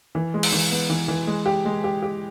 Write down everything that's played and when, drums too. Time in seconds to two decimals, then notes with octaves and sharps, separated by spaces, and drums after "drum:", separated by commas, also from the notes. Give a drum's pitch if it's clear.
0.15 E3
0.34 G#3
0.43 drum: open hi-hat
0.52 E3
0.71 B3
0.90 E3
1.08 E3
1.27 G#3
1.46 G4
1.65 G#3
1.84 G4
2.02 G4